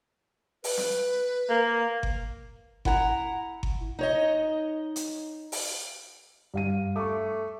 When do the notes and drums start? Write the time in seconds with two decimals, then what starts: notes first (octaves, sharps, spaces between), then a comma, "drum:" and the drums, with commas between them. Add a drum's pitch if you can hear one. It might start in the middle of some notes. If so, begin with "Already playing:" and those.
0.64 B4, drum: open hi-hat
0.78 drum: snare
1.49 A#3
2.03 drum: kick G1
2.85 E4 F#5 G#5 A#5, drum: kick G1
3.63 drum: kick G1
3.99 D#4 C#5 D#5
4.96 drum: hi-hat
5.52 drum: open hi-hat
6.54 G2 F5 D#7
6.96 A3 C#6 D6